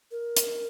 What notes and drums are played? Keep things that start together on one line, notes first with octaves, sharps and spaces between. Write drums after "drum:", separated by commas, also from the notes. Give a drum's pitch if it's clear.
A#4
drum: hi-hat